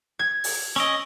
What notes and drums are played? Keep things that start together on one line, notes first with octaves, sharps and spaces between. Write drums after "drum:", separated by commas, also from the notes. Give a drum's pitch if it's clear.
G#6
drum: open hi-hat
C#4 D#5 C#6 E6 D7